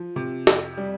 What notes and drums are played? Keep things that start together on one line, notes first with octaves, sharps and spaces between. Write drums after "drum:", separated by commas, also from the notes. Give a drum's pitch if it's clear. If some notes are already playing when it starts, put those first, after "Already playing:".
Already playing: F3
C3
F2, drum: snare
G3